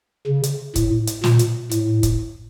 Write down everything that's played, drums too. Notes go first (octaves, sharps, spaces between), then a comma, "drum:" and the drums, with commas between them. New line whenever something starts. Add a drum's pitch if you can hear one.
C#3
drum: hi-hat
A2, drum: kick, hi-hat
drum: hi-hat
A#2, drum: snare
drum: hi-hat
A2, drum: hi-hat
drum: kick, hi-hat